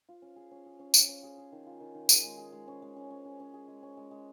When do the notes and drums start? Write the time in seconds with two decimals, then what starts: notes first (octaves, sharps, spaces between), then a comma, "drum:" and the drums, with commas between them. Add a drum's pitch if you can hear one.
0.09 F4
0.22 C#4
0.36 G#4
0.51 C#4
0.66 G#4
0.79 C#4
0.94 F4, drum: tambourine
1.09 C#4
1.23 G#4
1.38 G#4
1.52 D#3
1.67 F4
1.80 D#3
1.95 D#3
2.09 G#4, drum: tambourine
2.24 G#3
2.38 G#4
2.52 G#3
2.68 C#4
2.82 G#3
2.97 C#4
3.11 C#4
3.25 C#4
3.40 C#4
3.54 G#4
3.68 G#3
3.83 C#4
3.97 G#3
4.11 G#3